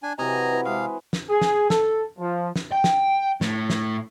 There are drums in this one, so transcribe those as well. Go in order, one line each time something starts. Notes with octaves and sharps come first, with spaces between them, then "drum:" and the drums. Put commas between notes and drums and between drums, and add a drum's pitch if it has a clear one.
D4 G#5
C3 E3 F#3 D#5 G#5 A#5
E4 B4
C3 G#3 F5
drum: snare
G#4
drum: snare
A4, drum: snare
F3
drum: snare
G5
drum: snare
A2, drum: snare
drum: snare